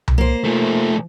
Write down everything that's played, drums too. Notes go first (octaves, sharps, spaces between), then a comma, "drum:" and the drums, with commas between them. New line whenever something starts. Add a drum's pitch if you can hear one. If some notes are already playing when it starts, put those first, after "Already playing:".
drum: tom C2
A#3 C5
F3 A3